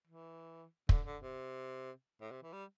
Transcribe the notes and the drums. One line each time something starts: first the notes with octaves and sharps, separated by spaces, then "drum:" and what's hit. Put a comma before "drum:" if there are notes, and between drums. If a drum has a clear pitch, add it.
E3
D3, drum: kick
D3
C3
A2
C3
E3
G3